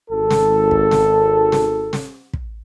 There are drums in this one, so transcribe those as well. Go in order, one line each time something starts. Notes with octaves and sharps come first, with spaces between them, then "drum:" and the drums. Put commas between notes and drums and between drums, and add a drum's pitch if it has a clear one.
G#1 A4
drum: snare
drum: kick
drum: snare
drum: snare
drum: snare
drum: kick